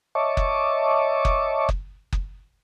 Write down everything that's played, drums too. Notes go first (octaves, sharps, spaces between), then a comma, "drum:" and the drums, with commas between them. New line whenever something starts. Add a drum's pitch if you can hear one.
C#5 D#5 E5 A5 C#6 D6
drum: kick F#1
drum: kick F#1
drum: kick F#1
drum: kick F#1